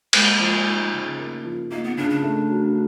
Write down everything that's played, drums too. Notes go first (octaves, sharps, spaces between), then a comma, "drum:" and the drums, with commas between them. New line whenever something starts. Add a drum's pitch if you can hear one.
G#3 A#3, drum: cymbal
F3
D#4
C#3
A#3
F3
A#3 D#4
B3
C#3 D4
D4
A3
F#3